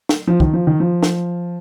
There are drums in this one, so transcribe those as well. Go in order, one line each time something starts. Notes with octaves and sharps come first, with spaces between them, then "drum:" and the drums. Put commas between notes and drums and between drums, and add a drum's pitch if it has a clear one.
drum: snare
F3
D#3, drum: kick
F3
D#3
F3
drum: snare